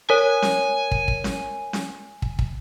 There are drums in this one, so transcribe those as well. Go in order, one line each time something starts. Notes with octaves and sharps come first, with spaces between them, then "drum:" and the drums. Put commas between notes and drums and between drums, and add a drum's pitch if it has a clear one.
A#4 C#5 G#5
drum: snare C#4
drum: kick
drum: kick
drum: snare C#4
drum: snare C#4
drum: kick
drum: kick